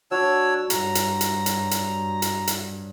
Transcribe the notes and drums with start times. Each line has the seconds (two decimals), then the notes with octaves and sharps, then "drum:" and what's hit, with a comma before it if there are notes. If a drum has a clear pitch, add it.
0.11 F#3 D4 C#5 E6
0.70 G2 A#5, drum: hi-hat
0.95 drum: hi-hat
1.21 drum: hi-hat
1.46 drum: hi-hat
1.71 drum: hi-hat
2.22 drum: hi-hat
2.47 drum: hi-hat